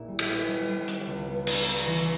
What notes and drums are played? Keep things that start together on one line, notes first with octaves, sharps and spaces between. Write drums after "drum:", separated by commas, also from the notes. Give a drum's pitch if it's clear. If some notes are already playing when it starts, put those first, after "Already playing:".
Already playing: A#1 A#2 A#3 E4
G3
drum: cymbal
B3
G3
G3
G3, drum: hi-hat
C#2
B3
B3, drum: cymbal
B3
E3 A#6